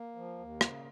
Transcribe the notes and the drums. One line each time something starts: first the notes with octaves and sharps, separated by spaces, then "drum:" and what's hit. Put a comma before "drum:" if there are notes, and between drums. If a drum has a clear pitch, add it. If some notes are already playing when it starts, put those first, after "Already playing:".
Already playing: A#3
F3
D#2
C#3, drum: rim click